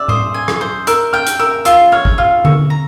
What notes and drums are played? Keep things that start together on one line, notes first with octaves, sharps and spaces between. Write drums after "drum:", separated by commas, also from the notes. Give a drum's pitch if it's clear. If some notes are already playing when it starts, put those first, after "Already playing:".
Already playing: D5 E6
C5 D#6, drum: tom A2
G#5
drum: rim click
C5
A#4 E6, drum: hi-hat
G5 F6
drum: hi-hat
A#4 E6
F4 E6, drum: hi-hat
C#5 F6
drum: kick
F4 F6
C#6 E6, drum: tom D3
A#5